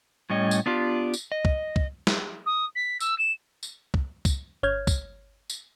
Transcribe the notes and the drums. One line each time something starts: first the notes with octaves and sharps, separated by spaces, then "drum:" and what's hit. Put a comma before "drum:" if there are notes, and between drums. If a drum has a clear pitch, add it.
A2 G3 C#4 D#5
drum: tambourine
B3 D4 F4 G4
drum: tambourine
D#5
drum: kick
drum: kick
drum: snare
D#6
B6
E6, drum: tambourine
E7
drum: tambourine
drum: kick
drum: kick, tambourine
G1 C#5 F6 G6 G#6
drum: kick, tambourine
drum: tambourine